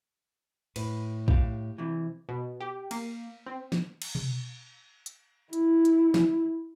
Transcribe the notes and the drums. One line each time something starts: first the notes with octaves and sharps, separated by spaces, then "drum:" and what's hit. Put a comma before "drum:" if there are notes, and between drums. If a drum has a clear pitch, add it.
A2 B4, drum: cymbal
G4 F5, drum: kick
C3 E3
B2
G4
A#3, drum: cymbal
C4
drum: snare
drum: cymbal
drum: tom B2
drum: hi-hat
E4, drum: hi-hat
drum: hi-hat
drum: snare